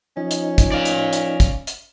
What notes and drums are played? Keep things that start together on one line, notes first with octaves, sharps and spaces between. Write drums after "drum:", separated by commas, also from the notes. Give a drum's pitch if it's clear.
F3 C#4 D#4
drum: hi-hat
drum: kick, hi-hat
D5 F5
drum: hi-hat
drum: hi-hat
drum: kick, hi-hat
drum: hi-hat